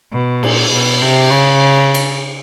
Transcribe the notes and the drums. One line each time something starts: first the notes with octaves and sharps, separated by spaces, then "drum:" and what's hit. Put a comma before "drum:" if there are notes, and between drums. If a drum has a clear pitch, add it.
B2
A#2, drum: cymbal
B2
C3
C#3
drum: cymbal